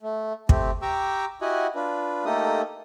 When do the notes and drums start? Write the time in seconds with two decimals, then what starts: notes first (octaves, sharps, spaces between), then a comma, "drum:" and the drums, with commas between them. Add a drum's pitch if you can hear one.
0.01 A3
0.49 A3 C4 G4, drum: kick
0.82 G4 G5 A#5 C#6 D6 E6
1.41 E4 F#4 G4 D#5 F#5 G#5
1.75 D4 F4 B4
2.25 A3 A#3 D#4 G4 A4 D#6